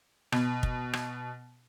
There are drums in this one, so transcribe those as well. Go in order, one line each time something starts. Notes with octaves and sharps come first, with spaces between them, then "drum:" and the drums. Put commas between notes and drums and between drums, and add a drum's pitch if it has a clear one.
B2, drum: rim click
drum: kick
drum: rim click